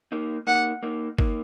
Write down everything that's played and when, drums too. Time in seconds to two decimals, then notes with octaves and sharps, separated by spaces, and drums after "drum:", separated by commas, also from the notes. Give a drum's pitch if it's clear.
0.12 A#3 D#4
0.47 A#3 D#4 F#5
0.83 A#3 D#4
1.19 A#3 D#4, drum: kick G1